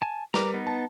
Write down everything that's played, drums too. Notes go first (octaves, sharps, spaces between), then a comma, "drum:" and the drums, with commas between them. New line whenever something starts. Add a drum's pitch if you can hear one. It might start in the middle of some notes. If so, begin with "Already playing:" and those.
G#5 A5
G3 A#4 B4 A#5 D6, drum: snare
B3 D#4
A5